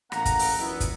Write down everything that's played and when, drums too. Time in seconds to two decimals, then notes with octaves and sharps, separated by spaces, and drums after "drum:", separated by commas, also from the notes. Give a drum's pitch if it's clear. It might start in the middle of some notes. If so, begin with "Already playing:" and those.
0.12 A1 A#3 F5 F#5 A#5, drum: rim click
0.25 drum: kick, hi-hat
0.39 drum: open hi-hat
0.59 F#2 A#2 E3 B3 D#4 E4
0.80 drum: kick, hi-hat